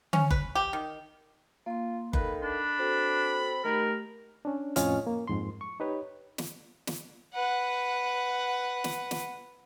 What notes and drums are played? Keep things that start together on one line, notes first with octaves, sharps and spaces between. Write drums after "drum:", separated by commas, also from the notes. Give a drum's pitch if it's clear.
C#4, drum: tom D3
B4, drum: kick F#1
G4
D#3
A#3 F4 C6
D#3 A4 B4 F5, drum: kick F#1
D4 B5
C4 F#4 A4
D#3 A3 G4 A#4
C#4 D4
F2 A2 C#4 F4 D#5 F6, drum: hi-hat
A#3
F2 G#2 C6
C#6
D#4 G4 B4 C#5
drum: snare
drum: snare
B4 F#5
drum: snare
drum: snare